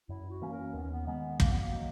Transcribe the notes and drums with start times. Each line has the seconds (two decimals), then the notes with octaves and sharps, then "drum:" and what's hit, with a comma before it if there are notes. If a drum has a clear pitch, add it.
0.09 F#2 E4
0.30 F#4
0.42 E3 A#3 C#4
0.52 A#4
0.74 D#2 B3
0.83 C#4
0.92 B3
1.07 D#3 G#3 B3
1.40 F#2 A#3, drum: kick
1.49 B3
1.60 A#3
1.72 D#3 F#3